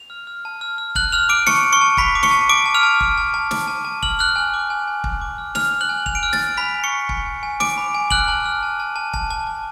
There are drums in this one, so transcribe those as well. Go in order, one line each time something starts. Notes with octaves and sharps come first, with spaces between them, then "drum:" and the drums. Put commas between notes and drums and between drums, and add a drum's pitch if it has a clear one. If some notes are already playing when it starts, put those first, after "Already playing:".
Already playing: F7
F6
F6
A5
F6
F6
A5 F#6 F#7, drum: kick
F6 F7
D6 F6 D7
A5 C#6 C#7, drum: snare
F6
C#6 C#7
A5
A5 B5 B6, drum: kick
D6
C#6 C#7, drum: snare
A5
A5 D6 D7
A5
F6 F7
A5
A5, drum: kick
A5
A5
D6, drum: snare
A5
A5
F6 F#7, drum: kick
F6 F#6 F#7
G#5
D6
G#5
G#5
G#5, drum: kick
D6
F6
F6 F7, drum: snare
F6
F#6 F#7
G#5
G#5 F7, drum: kick
D7
F6 F#6 F7
A6, drum: snare
G#5
G#5 B5 B6
G#5
C#6 C#7
B5
G#5, drum: kick
G#5
G#5
G#5 D6 D7, drum: snare
B5
G#5
F6 F#6 F#7, drum: kick
A5
F6
A5
A5
A5
A5, drum: kick
A5
A5